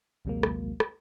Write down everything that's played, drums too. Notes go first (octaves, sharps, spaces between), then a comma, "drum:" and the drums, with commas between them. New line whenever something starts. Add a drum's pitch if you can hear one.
A#1 D#2 C3 F#3 G#3 A#3
drum: rim click
drum: rim click